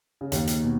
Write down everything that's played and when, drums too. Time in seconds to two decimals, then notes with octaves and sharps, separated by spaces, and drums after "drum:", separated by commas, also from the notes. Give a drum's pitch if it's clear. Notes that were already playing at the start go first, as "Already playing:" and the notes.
0.21 C#3
0.32 D#2 D#3, drum: hi-hat
0.47 drum: hi-hat
0.64 B2